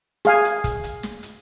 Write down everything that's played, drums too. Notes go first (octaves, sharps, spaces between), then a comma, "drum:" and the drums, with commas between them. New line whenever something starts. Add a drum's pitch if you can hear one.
G#4 F5 G#5, drum: snare
drum: hi-hat
drum: kick, hi-hat
drum: hi-hat
drum: snare
drum: hi-hat